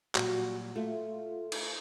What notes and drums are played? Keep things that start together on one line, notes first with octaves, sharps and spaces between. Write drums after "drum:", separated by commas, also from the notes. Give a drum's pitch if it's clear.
A#2 F#3 G3 F#4, drum: clap
A3 F4
drum: cymbal